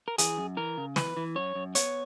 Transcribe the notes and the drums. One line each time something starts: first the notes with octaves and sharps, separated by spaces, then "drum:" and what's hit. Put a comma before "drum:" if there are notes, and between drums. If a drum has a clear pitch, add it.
A#4
E3 G#4, drum: hi-hat
F#2
E3 A#4
C#3
E3 B4, drum: snare
E3
F#2 C#5
F#2
B3 C#5, drum: hi-hat